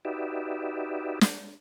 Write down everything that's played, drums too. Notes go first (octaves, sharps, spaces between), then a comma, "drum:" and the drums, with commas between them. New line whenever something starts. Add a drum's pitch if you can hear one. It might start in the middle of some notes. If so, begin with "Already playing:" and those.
D#4 F#4 G4 B4 D5 E5
drum: snare